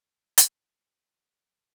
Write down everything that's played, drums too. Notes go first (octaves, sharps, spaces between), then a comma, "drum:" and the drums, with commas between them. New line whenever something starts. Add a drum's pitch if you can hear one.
drum: hi-hat
F3 A3
E3 G3
D3 F3